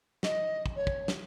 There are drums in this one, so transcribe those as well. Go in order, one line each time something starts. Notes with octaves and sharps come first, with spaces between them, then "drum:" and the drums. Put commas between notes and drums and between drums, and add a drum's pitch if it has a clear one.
D#5, drum: snare
drum: kick
C#5
drum: kick
drum: snare